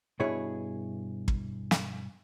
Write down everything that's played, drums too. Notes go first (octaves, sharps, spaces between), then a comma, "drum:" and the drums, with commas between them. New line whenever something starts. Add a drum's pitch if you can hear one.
G2 B2 E4 G#4 C#5
drum: kick
drum: snare